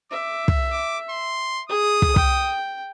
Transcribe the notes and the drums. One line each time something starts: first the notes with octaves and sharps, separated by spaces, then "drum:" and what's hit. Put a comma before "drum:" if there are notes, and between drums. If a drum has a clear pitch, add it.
E5 D6
drum: kick
D6
C6
G#4 D#6
drum: kick
G5, drum: kick